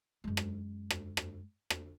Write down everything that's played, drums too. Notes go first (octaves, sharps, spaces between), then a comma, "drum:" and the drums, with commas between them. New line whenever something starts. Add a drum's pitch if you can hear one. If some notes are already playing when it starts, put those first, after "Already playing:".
F#2 G#3
drum: rim click
drum: rim click
drum: rim click
drum: rim click